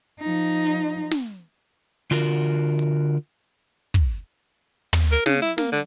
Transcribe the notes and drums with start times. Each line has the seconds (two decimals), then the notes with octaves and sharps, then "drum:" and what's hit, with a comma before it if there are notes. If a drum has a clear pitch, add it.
0.20 F3 D#4
0.67 drum: hi-hat
1.11 drum: snare
2.11 D3 F4 F#4 A#4
2.79 drum: hi-hat
3.94 drum: kick
4.93 drum: tom
5.12 A#4
5.26 C#3, drum: snare
5.42 E4
5.58 A#3, drum: snare
5.72 D3